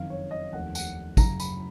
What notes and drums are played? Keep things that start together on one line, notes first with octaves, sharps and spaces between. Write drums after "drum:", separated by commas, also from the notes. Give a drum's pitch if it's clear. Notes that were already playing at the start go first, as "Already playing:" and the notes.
Already playing: F#1 F2 D#3 F5
C#5
D#5
F1 D#2 D#3 F#5
F#5, drum: tambourine
F#1 F#2 C#3 A#5, drum: kick, tambourine
B5, drum: tambourine